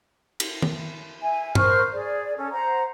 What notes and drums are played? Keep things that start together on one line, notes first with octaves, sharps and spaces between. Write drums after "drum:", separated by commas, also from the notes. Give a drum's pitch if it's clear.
drum: cymbal
drum: tom D#3
E5 G#5
A#4 C5 C#6 F6, drum: tom G2
G#4 D5
C#4 A4
C5 F#5 A#5